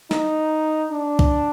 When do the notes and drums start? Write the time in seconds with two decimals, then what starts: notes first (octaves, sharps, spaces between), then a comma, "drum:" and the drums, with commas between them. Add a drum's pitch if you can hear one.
0.11 D#4, drum: snare
0.92 D4
1.19 drum: kick